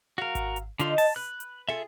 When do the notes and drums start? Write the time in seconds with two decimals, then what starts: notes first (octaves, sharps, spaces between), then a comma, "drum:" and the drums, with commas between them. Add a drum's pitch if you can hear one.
0.18 F#3 F#4 A#4 F5
0.35 drum: kick G#1, hi-hat
0.56 drum: hi-hat
0.79 D3 D#4 F4 D#5, drum: hi-hat
0.98 A5, drum: open hi-hat
1.16 B4 F#6
1.40 drum: hi-hat
1.69 F4 G#4 A4 E5